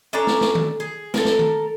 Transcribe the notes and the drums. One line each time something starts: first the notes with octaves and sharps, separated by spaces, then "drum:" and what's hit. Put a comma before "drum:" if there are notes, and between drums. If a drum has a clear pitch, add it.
C#4 D4 A4 A#5
drum: snare
drum: snare
drum: tom D#3
G#4
A4 A#4, drum: snare
drum: snare
drum: tom D#3